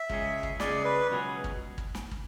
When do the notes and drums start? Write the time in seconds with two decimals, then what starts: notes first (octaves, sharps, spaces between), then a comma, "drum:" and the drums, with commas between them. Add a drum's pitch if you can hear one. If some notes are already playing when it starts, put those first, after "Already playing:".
Already playing: E5
0.09 C#2 C#3 G#3 C#4 G#4, drum: kick
0.43 drum: kick
0.60 C#2 C#3 G#3 C#4 G#4 D5, drum: snare
0.85 B4
1.10 C#2 B2 F#3 C#4 G#4
1.44 drum: kick
1.78 drum: kick
1.95 drum: snare
2.11 drum: kick